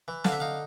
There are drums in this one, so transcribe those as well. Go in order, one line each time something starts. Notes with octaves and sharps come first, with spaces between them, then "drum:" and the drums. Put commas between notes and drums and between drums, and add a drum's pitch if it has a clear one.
E3
D3 F5, drum: snare
E5
D#4 F5